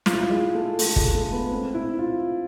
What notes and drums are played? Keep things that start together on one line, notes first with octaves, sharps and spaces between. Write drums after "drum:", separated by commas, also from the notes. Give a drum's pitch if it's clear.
F4, drum: snare
E4
F4
G#3
A3
A3, drum: open hi-hat
G#3, drum: kick
A3
B3
C4
E4
F4